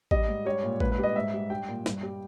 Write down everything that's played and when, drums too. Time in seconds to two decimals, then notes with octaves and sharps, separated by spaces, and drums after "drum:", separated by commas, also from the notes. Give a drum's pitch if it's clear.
0.11 G3 D#5, drum: kick A1
0.28 G#2
0.45 G3 C#5
0.63 A#2
0.80 G#2 B4, drum: kick A1
0.92 B4
0.98 G3
1.03 D#5
1.16 G#2 E5
1.34 G3
1.50 G3 G5
1.68 A#2
1.86 G2, drum: snare
2.03 G3